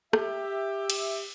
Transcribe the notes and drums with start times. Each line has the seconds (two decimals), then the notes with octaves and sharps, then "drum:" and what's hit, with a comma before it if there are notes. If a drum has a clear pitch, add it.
0.13 G4 E5, drum: rim click
0.90 drum: cymbal